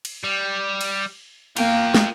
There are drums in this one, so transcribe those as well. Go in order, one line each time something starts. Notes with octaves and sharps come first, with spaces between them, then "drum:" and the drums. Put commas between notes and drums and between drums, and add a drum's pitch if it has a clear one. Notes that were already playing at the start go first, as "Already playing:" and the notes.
drum: cymbal
G3
drum: cymbal
A#3 F4 G5, drum: cymbal
drum: snare